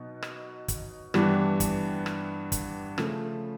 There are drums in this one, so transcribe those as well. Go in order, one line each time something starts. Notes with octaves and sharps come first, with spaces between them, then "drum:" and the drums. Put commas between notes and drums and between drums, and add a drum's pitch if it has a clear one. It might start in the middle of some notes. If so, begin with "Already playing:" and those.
Already playing: B2 F#3 B3 D#4
drum: rim click
drum: kick, hi-hat
G2 E3 G3 B3 D4, drum: rim click
drum: kick, hi-hat
drum: rim click
drum: kick, hi-hat
C#3 F3 A3, drum: rim click